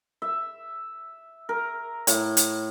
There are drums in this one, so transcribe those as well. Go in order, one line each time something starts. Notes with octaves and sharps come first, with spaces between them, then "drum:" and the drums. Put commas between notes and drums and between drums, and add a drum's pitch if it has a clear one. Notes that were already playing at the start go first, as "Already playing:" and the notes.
E5
A#4
A2, drum: hi-hat
drum: hi-hat